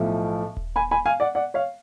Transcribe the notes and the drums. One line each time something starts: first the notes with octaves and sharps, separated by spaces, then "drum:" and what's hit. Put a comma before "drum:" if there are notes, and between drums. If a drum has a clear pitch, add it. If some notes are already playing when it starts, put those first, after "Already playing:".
Already playing: B1 A2 F3
drum: kick D#1
G#5 B5
G#5 B5
F5 G#5
D5 F#5
D5 F#5
C#5 F5